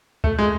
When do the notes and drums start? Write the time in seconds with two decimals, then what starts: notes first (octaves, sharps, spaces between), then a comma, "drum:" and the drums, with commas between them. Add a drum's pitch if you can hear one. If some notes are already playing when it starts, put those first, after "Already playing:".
0.24 A3, drum: kick
0.38 G#3